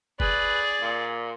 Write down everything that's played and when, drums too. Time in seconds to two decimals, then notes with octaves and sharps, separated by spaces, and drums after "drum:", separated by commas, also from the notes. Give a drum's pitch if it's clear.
0.20 G#4 B4 D5, drum: kick F#1
0.81 A#2